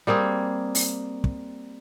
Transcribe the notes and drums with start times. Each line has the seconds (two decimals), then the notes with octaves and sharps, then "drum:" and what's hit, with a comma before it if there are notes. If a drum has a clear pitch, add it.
0.07 G3 A#3 C4 G#4
0.75 drum: open hi-hat
1.24 drum: kick